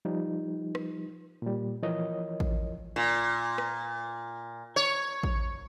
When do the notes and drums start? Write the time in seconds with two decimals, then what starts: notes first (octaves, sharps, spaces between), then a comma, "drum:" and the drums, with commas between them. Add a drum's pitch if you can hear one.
0.05 F3 G3 D#4
0.75 drum: rim click
1.42 A#2 G3
1.83 E3 F3 A#4 C#5 D#5
2.40 drum: kick
2.96 A#2
3.58 drum: rim click
4.76 C#5
5.23 drum: kick